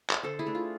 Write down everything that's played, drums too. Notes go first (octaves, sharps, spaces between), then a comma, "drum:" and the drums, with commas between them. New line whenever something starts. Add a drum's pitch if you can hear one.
drum: clap
D3 A4 C5
E4 G#4
A3 D4
F4